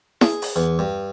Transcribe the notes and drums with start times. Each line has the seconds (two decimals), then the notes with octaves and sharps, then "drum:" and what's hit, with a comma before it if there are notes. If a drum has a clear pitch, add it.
0.21 G#4, drum: snare E4
0.42 drum: open hi-hat
0.56 E2
0.79 G2